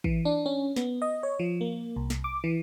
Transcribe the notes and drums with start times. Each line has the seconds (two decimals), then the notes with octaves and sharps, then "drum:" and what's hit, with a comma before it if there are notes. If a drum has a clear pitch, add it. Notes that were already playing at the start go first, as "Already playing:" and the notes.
0.04 E3, drum: kick
0.25 D4
0.46 C#4
0.76 B3, drum: snare
1.02 D#5
1.23 C#5
1.39 F3
1.61 A#3
1.96 C2
2.10 drum: snare
2.24 D6
2.44 E3